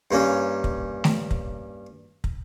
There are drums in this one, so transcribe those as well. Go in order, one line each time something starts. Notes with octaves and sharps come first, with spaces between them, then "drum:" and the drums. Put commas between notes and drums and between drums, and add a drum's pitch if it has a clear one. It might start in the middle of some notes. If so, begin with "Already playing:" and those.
G2 A#3 C#4
drum: kick
drum: snare A3
drum: kick
drum: kick